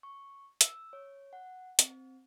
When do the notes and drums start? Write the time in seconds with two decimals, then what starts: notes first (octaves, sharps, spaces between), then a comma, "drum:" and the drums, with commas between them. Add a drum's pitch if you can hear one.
0.03 C#6
0.61 E6, drum: hi-hat
0.93 C#5
1.33 F#5
1.79 C4, drum: hi-hat